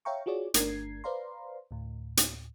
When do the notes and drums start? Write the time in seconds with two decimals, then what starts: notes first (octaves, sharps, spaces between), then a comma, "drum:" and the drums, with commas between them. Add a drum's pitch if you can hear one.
0.05 C#5 E5 F5 G5 A#5 C#6
0.26 F4 F#4 G#4 C#5 D5
0.54 G1 A3 D4 A#4 G#6 C7, drum: hi-hat
1.04 B4 C5 D5 F5 A#5 C6
1.71 D2 A2
2.17 drum: hi-hat